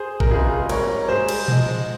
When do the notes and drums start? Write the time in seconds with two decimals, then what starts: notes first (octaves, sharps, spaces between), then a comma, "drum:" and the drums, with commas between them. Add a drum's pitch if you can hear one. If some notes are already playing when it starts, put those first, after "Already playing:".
Already playing: G#4 C5
0.20 A#4, drum: kick A1
0.31 C#2 C3 E3 G#3 F4 G#4
0.69 G#2 G3 A#4 C#5, drum: cymbal
1.09 G#2 G3 G#4 C5
1.29 drum: cymbal
1.48 G#2 F3 G#3, drum: tom A#2